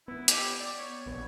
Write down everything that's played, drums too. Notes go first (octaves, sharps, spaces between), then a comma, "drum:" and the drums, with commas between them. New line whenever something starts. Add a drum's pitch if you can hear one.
B3 E4
G4, drum: hi-hat
D5
C#5
A#1 B3